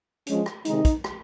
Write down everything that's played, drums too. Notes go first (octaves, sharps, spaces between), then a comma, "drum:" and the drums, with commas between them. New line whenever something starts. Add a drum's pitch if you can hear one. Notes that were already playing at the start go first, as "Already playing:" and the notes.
F3 G#3 C#4, drum: hi-hat
drum: rim click
C3 D#3 G#3 D#4, drum: hi-hat
drum: kick, hi-hat
drum: rim click